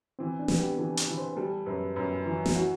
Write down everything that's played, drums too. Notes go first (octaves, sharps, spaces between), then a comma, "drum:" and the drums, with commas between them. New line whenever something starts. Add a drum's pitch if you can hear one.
E3 C4
D4
B3, drum: snare
G4
E3 A4
B4, drum: hi-hat
E3
C5
G3 A4
F#2 B4
F#2 B4
E3
drum: snare
E4 F#4